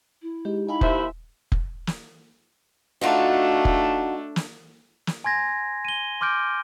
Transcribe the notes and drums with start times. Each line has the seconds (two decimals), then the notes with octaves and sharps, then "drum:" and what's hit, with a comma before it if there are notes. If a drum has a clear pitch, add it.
0.22 E4
0.45 G#3 D#4 G4
0.68 D#4 E4 G4 F5 G#5 B5
0.81 D#2 C5 E5, drum: kick F1
1.52 drum: kick F1
1.87 drum: snare
3.01 A3 D4 D#4 F4 F#4
3.65 drum: kick F1
4.36 drum: snare
5.07 drum: snare
5.24 G#5 C6 G#6 A#6
5.85 D#7 G7
6.21 C6 D6 F6 G6 D7